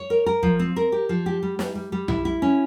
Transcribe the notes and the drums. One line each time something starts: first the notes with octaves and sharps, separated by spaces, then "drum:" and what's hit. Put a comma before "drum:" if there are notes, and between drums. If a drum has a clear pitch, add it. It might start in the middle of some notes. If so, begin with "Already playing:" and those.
Already playing: C#5
A#4
A#4
F3, drum: kick
C4
A#4
G4
F3
G4
G3
G3, drum: snare
G3
G3
E4, drum: tom B1
E4
C#4